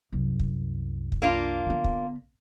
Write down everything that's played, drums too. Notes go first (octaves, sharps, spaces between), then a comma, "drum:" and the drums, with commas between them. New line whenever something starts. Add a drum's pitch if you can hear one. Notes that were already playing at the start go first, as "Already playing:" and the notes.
C2 F#2
drum: kick
drum: kick
A#3 D4 F4
D3 B3
drum: kick